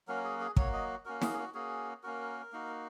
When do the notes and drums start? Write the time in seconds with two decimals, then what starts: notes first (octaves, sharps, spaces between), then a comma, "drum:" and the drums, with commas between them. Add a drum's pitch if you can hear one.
0.08 F#3 A#3 C#4 F#4 A#4
0.24 G#4
0.40 G#4
0.56 F#3 A#3 F#4 C#5, drum: kick
0.73 D#5
1.05 A#3 C#4 F#4 A#4
1.22 G#4, drum: snare
1.33 G#4
1.39 F#4
1.54 A#3 C#4 F#4 G#4
2.03 A#3 C#4 F#4 A#4
2.52 A#3 D#4 F#4